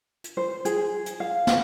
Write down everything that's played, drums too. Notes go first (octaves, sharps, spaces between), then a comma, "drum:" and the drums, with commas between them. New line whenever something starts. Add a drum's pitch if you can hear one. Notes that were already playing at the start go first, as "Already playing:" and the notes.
drum: hi-hat
C5
G#4, drum: hi-hat
drum: hi-hat
F5
drum: snare